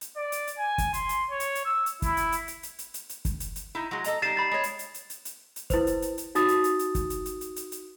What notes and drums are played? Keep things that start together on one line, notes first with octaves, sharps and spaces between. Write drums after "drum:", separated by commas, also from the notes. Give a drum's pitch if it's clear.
drum: hi-hat
D5
drum: hi-hat
drum: hi-hat
G#5
drum: kick, hi-hat
C6, drum: hi-hat
drum: hi-hat
C#5
drum: hi-hat
drum: hi-hat
E6
drum: hi-hat
E4, drum: kick, hi-hat
drum: hi-hat
drum: hi-hat
drum: hi-hat
drum: hi-hat
drum: hi-hat
drum: hi-hat
drum: hi-hat
drum: kick, hi-hat
drum: hi-hat
drum: hi-hat
D#4 E4
F#3 G#3
A4 D#5 A#5, drum: hi-hat
G3 D#4 A6 C7 E7
B5 A6
G#3 C#5
drum: hi-hat
drum: hi-hat
drum: hi-hat
drum: hi-hat
drum: hi-hat
drum: hi-hat
E4 B4 C5, drum: kick, hi-hat
drum: hi-hat
drum: hi-hat
drum: hi-hat
D#4 F#4 D#6 A6, drum: hi-hat
drum: hi-hat
drum: hi-hat
drum: hi-hat
drum: kick, hi-hat
drum: hi-hat
drum: hi-hat
drum: hi-hat
drum: hi-hat
drum: hi-hat